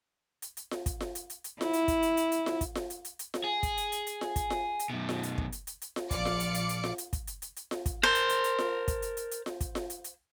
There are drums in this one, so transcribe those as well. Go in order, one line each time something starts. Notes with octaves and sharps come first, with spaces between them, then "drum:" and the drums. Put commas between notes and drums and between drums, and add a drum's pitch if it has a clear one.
drum: hi-hat
drum: hi-hat
drum: snare F4
drum: kick, hi-hat
drum: snare F4
drum: hi-hat
drum: hi-hat
drum: hi-hat
E4, drum: snare F4
drum: hi-hat
drum: kick, hi-hat
drum: hi-hat
drum: hi-hat
drum: hi-hat
drum: snare F4
drum: kick, hi-hat
drum: snare F4
drum: hi-hat
drum: hi-hat
drum: hi-hat
drum: snare F4
G#4
drum: kick, hi-hat
drum: hi-hat
drum: hi-hat
drum: hi-hat
drum: snare F4
drum: kick, hi-hat
drum: snare F4
drum: hi-hat
F#2 B2
drum: snare F4
drum: hi-hat
drum: kick
drum: hi-hat
drum: hi-hat
drum: hi-hat
drum: snare F4
A#1 F3 D5 F5 D6 C#7, drum: kick, hi-hat
drum: snare F4
drum: hi-hat
drum: hi-hat
drum: hi-hat
drum: snare F4
drum: hi-hat
drum: kick, hi-hat
drum: hi-hat
drum: hi-hat
drum: hi-hat
drum: snare F4
drum: kick, hi-hat
A#4 C5 A5
drum: hi-hat
drum: hi-hat
drum: hi-hat
drum: snare F4
drum: kick, hi-hat
drum: hi-hat
drum: hi-hat
drum: hi-hat
drum: snare F4
drum: kick, hi-hat
drum: snare F4
drum: hi-hat
drum: hi-hat